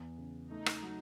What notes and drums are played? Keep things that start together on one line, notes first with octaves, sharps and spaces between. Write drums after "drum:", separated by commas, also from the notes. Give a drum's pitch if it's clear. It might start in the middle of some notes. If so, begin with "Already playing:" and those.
Already playing: E2
C#3
A3 D#4
drum: rim click
F#3